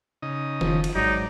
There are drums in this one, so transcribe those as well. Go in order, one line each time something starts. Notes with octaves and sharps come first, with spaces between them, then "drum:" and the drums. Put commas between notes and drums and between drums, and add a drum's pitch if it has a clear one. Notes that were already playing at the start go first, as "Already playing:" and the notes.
C#3 D#4 D#5
F1 F3, drum: tom D#3
drum: cymbal
A1 G#2 F#3 D#4 D5